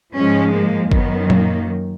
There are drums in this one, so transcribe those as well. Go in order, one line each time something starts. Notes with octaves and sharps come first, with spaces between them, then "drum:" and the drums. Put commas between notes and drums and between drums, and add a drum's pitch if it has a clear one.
G#2 F3 G#3 C#4
A#3
F#2 D#3 F#3 B3, drum: kick G1
A#3, drum: tom A#2